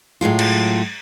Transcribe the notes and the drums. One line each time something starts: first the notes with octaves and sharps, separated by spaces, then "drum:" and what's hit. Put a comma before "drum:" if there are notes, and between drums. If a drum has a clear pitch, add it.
A2 F#3 G#3 F4
drum: cymbal